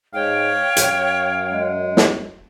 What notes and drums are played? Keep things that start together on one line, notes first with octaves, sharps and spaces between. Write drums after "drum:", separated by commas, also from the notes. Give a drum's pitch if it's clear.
G#2 C#5 F5 G5
F#2, drum: hi-hat
G#3
drum: snare